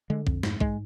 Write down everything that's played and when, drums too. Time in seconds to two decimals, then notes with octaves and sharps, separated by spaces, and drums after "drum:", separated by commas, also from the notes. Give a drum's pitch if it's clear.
0.10 D3 G#3
0.27 F2, drum: kick A#1
0.43 G#2, drum: snare
0.60 G#2 G#3, drum: kick A#1